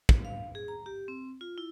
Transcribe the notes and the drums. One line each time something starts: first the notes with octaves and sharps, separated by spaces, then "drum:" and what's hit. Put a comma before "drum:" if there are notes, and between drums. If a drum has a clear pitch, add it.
drum: kick
F5
G#4
A#5
G4
C4
F4
E4